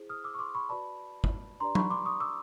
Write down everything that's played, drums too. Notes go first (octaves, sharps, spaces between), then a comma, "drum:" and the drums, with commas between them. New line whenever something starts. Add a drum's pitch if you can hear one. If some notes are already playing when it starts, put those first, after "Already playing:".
Already playing: E4 G#4 C5
D#6 F6
D6 E6
C#6
C6 D6
B5 C#6
F#4 B4 D5 A5 B5
drum: kick
D4 G4 B4 D5 A#5 C6
B5 C#6, drum: tom F#3
C6 D6
C#6 D#6
D6 E6